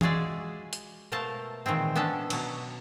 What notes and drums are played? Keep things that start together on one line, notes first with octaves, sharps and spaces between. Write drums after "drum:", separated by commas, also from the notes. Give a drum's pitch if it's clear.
G#3 F4 F#4 G#4 D5 E5, drum: tom E3
drum: hi-hat
B2 A3 A#4 C5 F5 A5
A#2 D#3 E3 G#3 C4
B3 C#4 D4 A4 A5
B2 F#3, drum: cymbal